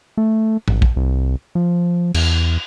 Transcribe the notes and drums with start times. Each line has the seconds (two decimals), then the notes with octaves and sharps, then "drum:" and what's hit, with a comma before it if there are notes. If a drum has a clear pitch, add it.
0.17 A3
0.68 A1, drum: tom G#2
0.82 drum: kick
0.96 C2
1.55 F3
2.14 E2, drum: cymbal